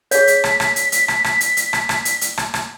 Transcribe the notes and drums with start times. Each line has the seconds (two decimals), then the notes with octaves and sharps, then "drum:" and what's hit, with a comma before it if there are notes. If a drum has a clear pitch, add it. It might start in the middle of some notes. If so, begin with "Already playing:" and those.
0.11 G#4 C#5 B6, drum: hi-hat
0.27 drum: hi-hat
0.44 drum: rim click
0.60 drum: rim click
0.76 drum: hi-hat
0.92 drum: hi-hat
1.08 drum: rim click
1.24 drum: rim click
1.41 drum: hi-hat
1.57 drum: hi-hat
1.73 drum: rim click
1.89 drum: rim click
2.05 drum: hi-hat
2.21 drum: hi-hat
2.38 drum: rim click
2.54 drum: rim click